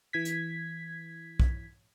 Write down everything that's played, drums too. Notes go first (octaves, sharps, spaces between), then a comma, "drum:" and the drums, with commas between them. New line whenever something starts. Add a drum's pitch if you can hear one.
E3 G#6 B6
drum: hi-hat
drum: kick